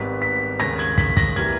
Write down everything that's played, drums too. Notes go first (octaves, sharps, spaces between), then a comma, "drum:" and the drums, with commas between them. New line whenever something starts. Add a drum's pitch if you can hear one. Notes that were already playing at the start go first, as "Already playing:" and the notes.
Already playing: G#1 G#2 G3 B3 B6
B6
D#2 C#3 G#3 A#6, drum: rim click
G#6, drum: hi-hat
B6, drum: kick, hi-hat
A#6, drum: kick, hi-hat
E3 G3 A#3 G#6, drum: hi-hat